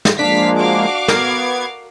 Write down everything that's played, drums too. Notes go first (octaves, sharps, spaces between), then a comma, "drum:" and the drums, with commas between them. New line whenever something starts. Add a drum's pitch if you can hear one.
drum: snare
F3 G#3 A#3 D4 F5 B6
F#4 F5 D6
B3 A#4 G#6, drum: snare